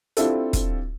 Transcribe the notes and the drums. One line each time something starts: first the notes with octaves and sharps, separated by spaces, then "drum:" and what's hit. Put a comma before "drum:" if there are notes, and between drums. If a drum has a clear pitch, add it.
C4 D4 E4 F4 G4 A4, drum: hi-hat
drum: kick, hi-hat